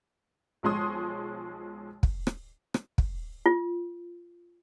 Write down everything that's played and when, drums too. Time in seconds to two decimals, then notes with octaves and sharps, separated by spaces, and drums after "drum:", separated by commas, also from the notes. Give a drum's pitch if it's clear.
0.63 B1 F3 G#3 C#5 C6 D#6
2.03 drum: kick
2.27 drum: rim click
2.74 drum: rim click
2.98 drum: kick
3.46 F4